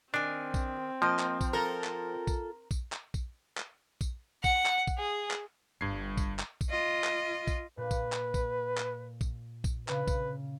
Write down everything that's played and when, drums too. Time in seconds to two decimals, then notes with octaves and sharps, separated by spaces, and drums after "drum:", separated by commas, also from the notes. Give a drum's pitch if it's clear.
0.14 D#3 C4 D4 G#5
0.54 drum: kick A#1, tambourine
1.02 F3 A#3 C5 D#5
1.19 drum: clap
1.41 drum: kick A#1, tambourine
1.53 F4 A4 A#4
1.84 drum: clap
2.27 drum: kick A#1, tambourine
2.71 drum: kick A#1, tambourine
2.92 drum: clap
3.14 drum: kick A#1, tambourine
3.57 drum: clap
4.01 drum: kick A#1, tambourine
4.44 F#5, drum: kick A#1, tambourine
4.66 drum: clap
4.87 drum: kick A#1, tambourine
4.98 G#4
5.31 drum: clap
5.81 G1 G2 G#6 C7
6.17 drum: kick A#1, tambourine
6.39 drum: clap
6.61 drum: kick A#1, tambourine
6.70 F4 D#5
7.04 drum: clap
7.47 drum: kick A#1, tambourine
7.77 A#2 B4
7.91 drum: kick A#1, tambourine
8.12 drum: clap
8.34 drum: kick A#1, tambourine
8.77 drum: clap
9.21 drum: kick A#1, tambourine
9.64 drum: kick A#1, tambourine
9.88 C#3 B4, drum: clap
10.07 drum: kick A#1, tambourine